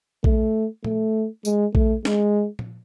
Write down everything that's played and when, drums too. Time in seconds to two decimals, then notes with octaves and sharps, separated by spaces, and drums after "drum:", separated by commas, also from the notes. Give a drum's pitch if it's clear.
0.24 A3, drum: kick A#1
0.84 A3, drum: tom A#2
1.45 G#3, drum: tambourine
1.75 A3, drum: kick A#1
2.05 G#3, drum: snare
2.59 drum: tom A#2